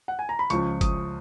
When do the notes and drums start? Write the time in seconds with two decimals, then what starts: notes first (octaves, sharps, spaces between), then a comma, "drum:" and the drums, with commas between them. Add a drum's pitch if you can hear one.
0.08 F#5
0.19 G#5
0.29 A#5
0.39 B5
0.50 C#2 C#3 F3 C#6, drum: hi-hat
0.81 D#6, drum: kick, hi-hat